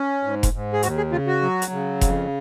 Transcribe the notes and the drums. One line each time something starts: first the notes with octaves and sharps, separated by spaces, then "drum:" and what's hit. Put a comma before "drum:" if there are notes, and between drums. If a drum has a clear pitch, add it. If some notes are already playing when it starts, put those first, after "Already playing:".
Already playing: C#4
G#2
drum: kick F1, hi-hat
G#2
G#4
D#2 F#4, drum: hi-hat
G#4
C#3 F4
F#4
F#3
drum: hi-hat
C#3
F2, drum: kick F1, hi-hat